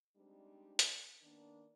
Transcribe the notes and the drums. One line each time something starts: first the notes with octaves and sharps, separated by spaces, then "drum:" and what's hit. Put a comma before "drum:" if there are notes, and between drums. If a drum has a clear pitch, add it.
G3 G#3 C4 D4 D#4
drum: hi-hat
D#3 A#3 B3 D4